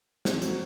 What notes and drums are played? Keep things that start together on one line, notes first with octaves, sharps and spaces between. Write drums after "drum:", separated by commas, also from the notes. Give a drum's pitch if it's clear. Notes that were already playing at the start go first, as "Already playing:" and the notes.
C4, drum: snare
F#3, drum: hi-hat